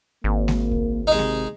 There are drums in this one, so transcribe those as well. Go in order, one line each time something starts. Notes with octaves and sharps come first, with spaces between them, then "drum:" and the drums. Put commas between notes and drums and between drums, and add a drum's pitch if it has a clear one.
G#1 A#3
drum: snare G#3
drum: kick C2
C3 G#3 D#4
drum: snare G#3